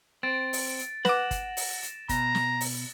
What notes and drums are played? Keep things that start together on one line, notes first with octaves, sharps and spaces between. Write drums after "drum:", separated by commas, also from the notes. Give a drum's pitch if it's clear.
C4 A6 D7
drum: open hi-hat
drum: hi-hat
B4 F#5 D6 A6 A#6 E7, drum: snare
drum: kick G1, hi-hat
drum: open hi-hat
drum: hi-hat
B2 A#5, drum: kick G1, hi-hat
drum: snare
drum: open hi-hat